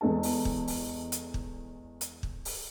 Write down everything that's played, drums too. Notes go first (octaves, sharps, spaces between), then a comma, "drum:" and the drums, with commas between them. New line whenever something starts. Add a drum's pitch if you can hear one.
E2 G#3 A4 A5
drum: open hi-hat
drum: kick
drum: open hi-hat
drum: hi-hat
drum: kick
drum: hi-hat
drum: kick
drum: open hi-hat